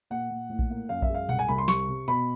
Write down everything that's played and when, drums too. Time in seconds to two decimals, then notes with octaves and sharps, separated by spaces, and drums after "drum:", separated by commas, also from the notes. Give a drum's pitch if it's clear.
0.10 A#2 F#5
0.30 A#2
0.50 A2
0.59 drum: kick A#1
0.70 A#3
0.89 F#2 F5
1.02 E5, drum: kick A#1
1.09 G#3
1.14 F5
1.29 C2 F#5, drum: tom A#2
1.39 G#5
1.48 C2 B5
1.58 C6
1.68 C3 C#6, drum: snare
1.89 C3
2.08 B2 B5